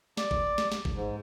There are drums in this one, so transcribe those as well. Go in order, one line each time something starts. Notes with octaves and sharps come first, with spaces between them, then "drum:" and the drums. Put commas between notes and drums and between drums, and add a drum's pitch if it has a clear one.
D5, drum: snare
drum: kick
drum: snare
drum: snare
drum: kick
G#2